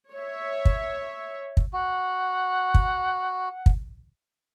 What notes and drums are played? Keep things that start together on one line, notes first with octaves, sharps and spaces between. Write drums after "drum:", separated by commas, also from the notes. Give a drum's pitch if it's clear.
C#5 E5
drum: kick
drum: kick
F#4 F#5
drum: kick
drum: kick